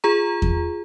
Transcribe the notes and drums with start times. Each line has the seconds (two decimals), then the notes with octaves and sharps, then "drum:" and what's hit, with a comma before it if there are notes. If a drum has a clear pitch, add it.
0.04 F4 G#4 A#5
0.42 drum: kick E2